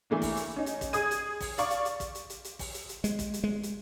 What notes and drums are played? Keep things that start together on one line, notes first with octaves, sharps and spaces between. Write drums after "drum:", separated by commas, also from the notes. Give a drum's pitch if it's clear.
E3 A3 A#3 D4
drum: kick, open hi-hat
drum: hi-hat
C#4 D#4
drum: hi-hat
drum: kick, hi-hat
G#4 D#6 G#6 D#7, drum: hi-hat
drum: hi-hat
drum: kick, open hi-hat
D5 F5 C#6 D6, drum: hi-hat
drum: hi-hat
drum: hi-hat
drum: kick, hi-hat
drum: hi-hat
drum: hi-hat
drum: hi-hat
drum: kick, open hi-hat
drum: hi-hat
drum: hi-hat
G#3, drum: hi-hat
drum: kick, hi-hat
drum: hi-hat
G#3
drum: hi-hat